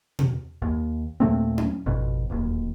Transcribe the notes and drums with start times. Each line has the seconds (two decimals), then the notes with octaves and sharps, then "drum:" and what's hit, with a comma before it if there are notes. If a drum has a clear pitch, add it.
0.19 drum: tom B2
0.62 D#2
1.20 D#2 A#2 A3 C4
1.58 drum: tom C#4
1.86 G#1 F2 B2
2.29 D1 D#2